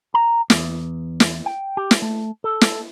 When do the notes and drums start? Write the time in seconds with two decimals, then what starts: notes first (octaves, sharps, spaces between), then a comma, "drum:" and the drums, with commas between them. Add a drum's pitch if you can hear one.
0.14 A#5
0.50 E2, drum: snare
1.20 drum: snare
1.46 G5
1.77 G4
1.91 drum: snare
2.02 A3
2.44 A4
2.61 drum: snare